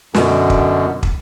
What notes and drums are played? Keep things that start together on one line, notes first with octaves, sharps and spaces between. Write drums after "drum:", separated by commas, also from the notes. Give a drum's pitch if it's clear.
F#2 B2 D3, drum: snare
drum: kick
drum: kick